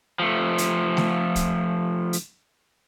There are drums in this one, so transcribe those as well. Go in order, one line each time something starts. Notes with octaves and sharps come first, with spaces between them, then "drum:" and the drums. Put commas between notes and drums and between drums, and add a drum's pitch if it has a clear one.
F3 A3
drum: hi-hat
drum: snare
drum: kick, hi-hat
drum: hi-hat